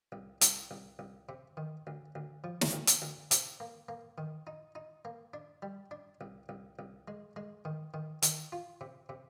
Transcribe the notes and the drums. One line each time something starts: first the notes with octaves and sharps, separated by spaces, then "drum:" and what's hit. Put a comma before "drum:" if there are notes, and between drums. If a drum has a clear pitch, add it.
C2
C2, drum: hi-hat
C2
C2
C3
D#3
D2
D2
F3
drum: snare
D2
drum: hi-hat
D2
C3, drum: hi-hat
A#3
A#3
D#3
D#4
D#4
A#3
D4
G3
D4
C2
C2
C2
G#3
G#3
D#3
D#3
D#3, drum: hi-hat
F4
C3
C3